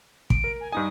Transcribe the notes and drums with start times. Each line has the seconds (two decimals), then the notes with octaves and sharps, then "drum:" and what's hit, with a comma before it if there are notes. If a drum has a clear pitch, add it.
0.30 D7, drum: kick
0.44 A#4
0.60 G#5
0.72 G2 D#4 G#5 D#6